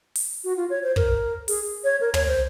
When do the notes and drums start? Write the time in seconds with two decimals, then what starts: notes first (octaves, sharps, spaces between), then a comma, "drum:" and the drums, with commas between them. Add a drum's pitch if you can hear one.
0.16 drum: open hi-hat
0.44 F#4
0.56 F4
0.70 C#5
0.83 C5
0.96 A#4, drum: kick
1.48 G#4, drum: open hi-hat
1.84 C#5
2.01 A#4
2.14 C#5, drum: tom
2.28 C5